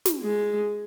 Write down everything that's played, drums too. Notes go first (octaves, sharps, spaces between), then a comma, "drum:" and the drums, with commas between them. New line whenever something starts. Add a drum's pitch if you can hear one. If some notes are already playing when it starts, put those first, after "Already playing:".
drum: snare
G#3